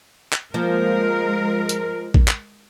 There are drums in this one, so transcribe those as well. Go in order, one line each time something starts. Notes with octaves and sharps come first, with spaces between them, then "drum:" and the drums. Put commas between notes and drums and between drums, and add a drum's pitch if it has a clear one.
drum: clap
F3 G#3 A#3 A#4
drum: hi-hat
drum: kick
drum: clap